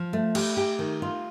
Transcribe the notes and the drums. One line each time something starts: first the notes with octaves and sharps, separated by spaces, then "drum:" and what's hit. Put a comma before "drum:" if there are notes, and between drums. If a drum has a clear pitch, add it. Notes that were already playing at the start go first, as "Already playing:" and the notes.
Already playing: F3
A3
G4, drum: cymbal
G4
D#3
F4